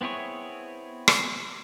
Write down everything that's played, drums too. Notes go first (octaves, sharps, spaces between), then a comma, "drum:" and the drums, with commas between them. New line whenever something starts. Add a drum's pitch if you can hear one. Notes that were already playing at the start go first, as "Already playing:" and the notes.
B3 C4 E4 G#4 C#5
drum: rim click